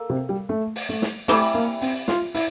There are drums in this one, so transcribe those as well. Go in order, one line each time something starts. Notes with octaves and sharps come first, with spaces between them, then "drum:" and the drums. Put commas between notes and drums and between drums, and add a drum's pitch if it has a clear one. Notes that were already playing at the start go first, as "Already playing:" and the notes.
Already playing: A#3 A4
C3
G3
A3
drum: open hi-hat
A3
drum: snare
C3 E3 G3 A3, drum: open hi-hat
A#3
C4, drum: open hi-hat
F4, drum: snare
E4, drum: open hi-hat